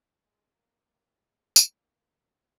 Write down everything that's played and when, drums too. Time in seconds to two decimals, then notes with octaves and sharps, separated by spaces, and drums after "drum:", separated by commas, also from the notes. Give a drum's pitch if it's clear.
0.23 G#3
0.53 A#3
0.84 A#3
1.14 G#3
1.56 drum: tambourine
1.75 A#3